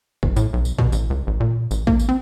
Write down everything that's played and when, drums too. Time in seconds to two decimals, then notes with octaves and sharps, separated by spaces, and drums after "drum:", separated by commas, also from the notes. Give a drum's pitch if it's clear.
0.23 G1, drum: kick
0.36 A2, drum: tambourine
0.53 B1
0.65 drum: tambourine
0.79 B2, drum: kick
0.92 A1, drum: tambourine
1.10 C#2
1.27 A1
1.40 A#2
1.71 A1, drum: tambourine
1.87 A#3, drum: kick
1.99 drum: tambourine
2.09 C4